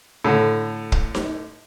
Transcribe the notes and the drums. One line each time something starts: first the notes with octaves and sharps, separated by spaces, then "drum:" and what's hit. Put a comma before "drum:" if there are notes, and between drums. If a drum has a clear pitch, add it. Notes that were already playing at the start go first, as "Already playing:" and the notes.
A2 D3
drum: kick
drum: snare D#4